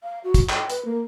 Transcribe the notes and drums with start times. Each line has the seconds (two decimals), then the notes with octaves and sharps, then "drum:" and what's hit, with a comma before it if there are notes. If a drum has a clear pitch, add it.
0.03 F5
0.24 F#4
0.34 drum: kick, hi-hat
0.49 G5, drum: clap
0.70 B4, drum: hi-hat
0.85 A#3